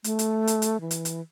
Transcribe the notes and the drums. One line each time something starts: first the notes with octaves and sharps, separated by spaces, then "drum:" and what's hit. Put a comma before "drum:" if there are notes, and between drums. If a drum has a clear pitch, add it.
A3, drum: hi-hat
drum: hi-hat
drum: hi-hat
drum: hi-hat
E3
drum: hi-hat
drum: hi-hat